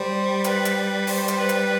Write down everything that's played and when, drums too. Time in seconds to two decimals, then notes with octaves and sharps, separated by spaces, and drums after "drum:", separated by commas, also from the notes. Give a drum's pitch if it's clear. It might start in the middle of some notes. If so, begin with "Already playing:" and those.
Already playing: G3 C5
0.44 B4, drum: hi-hat
0.65 drum: hi-hat
1.07 C5, drum: open hi-hat
1.28 drum: hi-hat
1.39 B4
1.49 drum: hi-hat